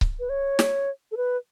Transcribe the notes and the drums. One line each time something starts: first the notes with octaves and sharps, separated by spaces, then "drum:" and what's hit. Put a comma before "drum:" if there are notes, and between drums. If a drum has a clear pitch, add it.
drum: kick C#1
B4
C#5
drum: snare
A4
B4